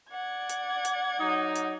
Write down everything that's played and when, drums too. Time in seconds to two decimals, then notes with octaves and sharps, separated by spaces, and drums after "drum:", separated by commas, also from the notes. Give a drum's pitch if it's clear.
0.10 D5 F#5 G#6
0.49 drum: hi-hat
0.85 drum: hi-hat
1.20 F#3 D#4
1.55 drum: hi-hat